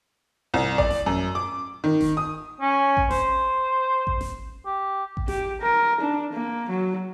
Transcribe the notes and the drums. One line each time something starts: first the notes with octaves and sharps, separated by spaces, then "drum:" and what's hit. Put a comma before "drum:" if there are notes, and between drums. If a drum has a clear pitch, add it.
C2
D5, drum: kick A1
drum: snare F#1
F#2
D6
D#3
drum: snare F#1
D#6
C#4
drum: kick A1
C5, drum: snare F#1
drum: kick A1
drum: snare F#1
G4
drum: kick A1
G4, drum: snare F#1
A#4
D4
A#3
F#3